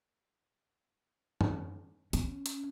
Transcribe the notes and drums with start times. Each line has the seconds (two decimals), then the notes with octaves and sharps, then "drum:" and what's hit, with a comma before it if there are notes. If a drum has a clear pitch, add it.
1.41 drum: tom F#2
2.13 C#4, drum: hi-hat
2.46 drum: hi-hat